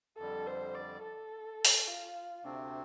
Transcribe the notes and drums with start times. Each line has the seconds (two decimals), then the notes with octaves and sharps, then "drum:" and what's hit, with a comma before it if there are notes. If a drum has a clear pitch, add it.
0.18 F2 D3 G3 A4
0.47 C5
0.75 D5
1.02 A4
1.65 drum: open hi-hat
1.88 F4
2.44 D2 C3 A3 C4 D4